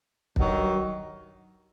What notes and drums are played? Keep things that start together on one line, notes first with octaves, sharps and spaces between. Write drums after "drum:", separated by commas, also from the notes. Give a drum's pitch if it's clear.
G2 D#3 F#3, drum: kick